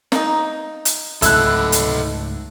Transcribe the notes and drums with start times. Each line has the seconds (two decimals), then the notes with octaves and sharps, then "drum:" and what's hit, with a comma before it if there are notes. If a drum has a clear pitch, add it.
0.12 A#3 D#4, drum: snare
0.85 drum: hi-hat
1.22 C#2 G#2 A3 D#4 E4 A4 E6 F#6, drum: hi-hat
1.72 drum: hi-hat